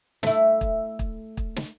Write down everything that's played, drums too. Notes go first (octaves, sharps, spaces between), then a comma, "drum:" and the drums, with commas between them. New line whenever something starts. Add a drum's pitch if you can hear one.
A3 E4, drum: snare
drum: kick
drum: kick
drum: kick
drum: snare